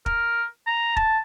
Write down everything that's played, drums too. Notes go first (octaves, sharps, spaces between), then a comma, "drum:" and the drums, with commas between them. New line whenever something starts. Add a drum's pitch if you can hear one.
A#4, drum: kick
A#5
A5, drum: kick